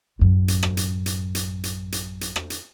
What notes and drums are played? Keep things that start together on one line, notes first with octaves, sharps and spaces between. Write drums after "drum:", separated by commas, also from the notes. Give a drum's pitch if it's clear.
A1 F#2
drum: hi-hat
drum: rim click
drum: hi-hat
drum: hi-hat
drum: hi-hat
drum: hi-hat
drum: hi-hat
drum: hi-hat
drum: rim click
drum: hi-hat